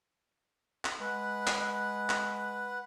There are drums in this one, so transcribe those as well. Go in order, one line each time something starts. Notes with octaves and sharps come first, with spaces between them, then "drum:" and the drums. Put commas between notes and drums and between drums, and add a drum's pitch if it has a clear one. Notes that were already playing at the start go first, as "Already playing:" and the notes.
drum: clap
G#3 B4 F#5
drum: clap
drum: clap